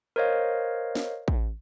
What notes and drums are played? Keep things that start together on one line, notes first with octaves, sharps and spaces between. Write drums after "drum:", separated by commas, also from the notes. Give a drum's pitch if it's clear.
A#4 C5 C#5 D#5 F5
drum: snare
drum: kick A1